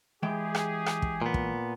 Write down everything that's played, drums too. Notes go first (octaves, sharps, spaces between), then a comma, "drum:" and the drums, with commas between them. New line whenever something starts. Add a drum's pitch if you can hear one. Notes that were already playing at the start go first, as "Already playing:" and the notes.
E3 G#3 G4 G#4 G5
drum: rim click
drum: rim click
drum: kick
A#2 B3
drum: kick